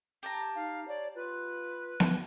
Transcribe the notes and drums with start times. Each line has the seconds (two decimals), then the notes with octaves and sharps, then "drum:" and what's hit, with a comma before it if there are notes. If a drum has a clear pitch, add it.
0.23 G4 A5 A#5
0.55 D#4 F5
0.88 C#5 D5
1.15 F4 B4
2.00 drum: snare B3